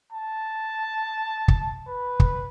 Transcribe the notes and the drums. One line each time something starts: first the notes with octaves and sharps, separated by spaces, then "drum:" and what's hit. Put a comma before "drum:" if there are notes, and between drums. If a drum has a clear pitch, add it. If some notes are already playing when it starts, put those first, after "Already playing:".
A5
drum: kick
B4
drum: kick